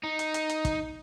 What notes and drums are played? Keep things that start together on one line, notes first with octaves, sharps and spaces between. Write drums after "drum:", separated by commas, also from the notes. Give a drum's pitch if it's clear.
D#4
drum: hi-hat
drum: hi-hat
drum: hi-hat
drum: kick, hi-hat